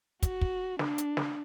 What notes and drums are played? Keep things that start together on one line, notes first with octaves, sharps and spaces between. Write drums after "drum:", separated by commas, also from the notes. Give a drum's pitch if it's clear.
F#4, drum: kick, hi-hat
drum: kick
D4, drum: snare
drum: hi-hat
drum: snare